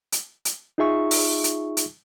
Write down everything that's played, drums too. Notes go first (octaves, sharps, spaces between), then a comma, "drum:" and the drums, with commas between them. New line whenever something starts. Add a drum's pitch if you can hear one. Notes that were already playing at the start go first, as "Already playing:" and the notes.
drum: hi-hat
drum: hi-hat
D#4 F4 G#4 E5 C#6
drum: open hi-hat
drum: hi-hat
drum: hi-hat